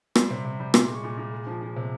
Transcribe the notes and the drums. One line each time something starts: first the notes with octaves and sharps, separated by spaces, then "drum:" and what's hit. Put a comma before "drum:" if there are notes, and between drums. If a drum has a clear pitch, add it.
G3 C6, drum: rim click
C3
C3
G3
A#2 C6, drum: rim click
G#3
C#6
A#2
A#2
G#3
F3
F3
C3